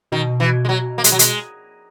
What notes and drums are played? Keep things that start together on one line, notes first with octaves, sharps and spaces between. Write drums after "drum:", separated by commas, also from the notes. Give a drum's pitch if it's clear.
B2 D#3
E3
G#3
F#3
A#3
G#3, drum: hi-hat
F#3
G#3, drum: hi-hat